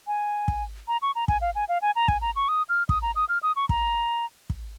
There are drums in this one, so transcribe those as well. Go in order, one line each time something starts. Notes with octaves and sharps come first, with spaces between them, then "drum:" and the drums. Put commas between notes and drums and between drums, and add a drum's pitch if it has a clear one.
G#5
drum: kick
A#5
C#6
A#5
G#5, drum: kick
F5
G#5
F5
G#5
A#5
G#5, drum: kick
A#5
C#6
D#6
F6
D#6, drum: kick
A#5
D#6
F6
D#6
C#6
A#5, drum: kick
drum: kick